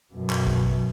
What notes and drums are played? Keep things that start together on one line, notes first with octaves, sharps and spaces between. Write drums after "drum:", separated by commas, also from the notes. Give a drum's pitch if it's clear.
F#2 B2
drum: clap
drum: kick